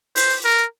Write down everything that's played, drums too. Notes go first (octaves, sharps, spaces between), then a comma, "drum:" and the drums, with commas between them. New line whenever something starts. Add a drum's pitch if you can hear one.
C5, drum: open hi-hat
A#4